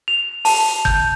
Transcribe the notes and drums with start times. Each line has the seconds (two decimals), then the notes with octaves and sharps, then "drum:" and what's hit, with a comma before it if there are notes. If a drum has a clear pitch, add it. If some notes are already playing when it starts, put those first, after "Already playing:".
0.08 F7
0.45 A5, drum: open hi-hat
0.85 G6, drum: kick G1